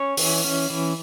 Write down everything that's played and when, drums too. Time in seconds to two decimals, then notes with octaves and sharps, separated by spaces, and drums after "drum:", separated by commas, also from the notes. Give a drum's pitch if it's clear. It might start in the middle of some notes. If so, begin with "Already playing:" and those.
Already playing: C#4 C#5
0.17 E3, drum: open hi-hat
0.44 C#4
0.70 E3